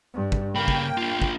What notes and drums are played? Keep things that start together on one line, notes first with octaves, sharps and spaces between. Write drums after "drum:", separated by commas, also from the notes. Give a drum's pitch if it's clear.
G2
drum: kick
C#3 A#3 G5 B5
drum: kick
D4 F4
drum: kick